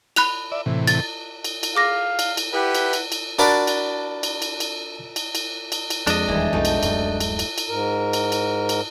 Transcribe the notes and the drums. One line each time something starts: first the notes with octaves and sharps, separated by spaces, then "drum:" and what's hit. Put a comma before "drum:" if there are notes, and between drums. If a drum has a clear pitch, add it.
B5 F#6 F7, drum: cymbal
D5 E5
A2 C3 E3
A6, drum: cymbal
drum: cymbal
drum: cymbal
G#4 F5 D6 A#6
drum: cymbal
drum: cymbal
E4 G4 B4 F#5
drum: cymbal
drum: cymbal
drum: cymbal
D4 F#4 A#4 D5 A5 B5
drum: cymbal
drum: cymbal
drum: cymbal
drum: cymbal
drum: cymbal
drum: cymbal
drum: cymbal
drum: cymbal
F2 G#3 D4 D#5, drum: cymbal
E1 D#2 E3 G3 G#4
B1 F2 G3 A3 D#4
drum: cymbal
D1 F#2, drum: cymbal
drum: cymbal
drum: cymbal
drum: cymbal
G#2 A#4
drum: cymbal
drum: cymbal
drum: cymbal